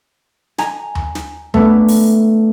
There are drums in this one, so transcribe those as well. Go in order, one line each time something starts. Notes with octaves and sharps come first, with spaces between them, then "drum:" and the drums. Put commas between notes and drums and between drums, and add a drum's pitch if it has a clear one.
G#5 A#5, drum: snare
drum: tom D#2
drum: snare
A3 B3 C#4 D4, drum: tom D#2
drum: open hi-hat